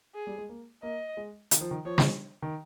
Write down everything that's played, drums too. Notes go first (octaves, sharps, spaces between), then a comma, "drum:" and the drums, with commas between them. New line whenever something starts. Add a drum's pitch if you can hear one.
G#4
G3
G#3
A#3
A#3 D#5
G#3
D#3, drum: hi-hat
F3
D#3
F3 C#5
drum: snare
D#3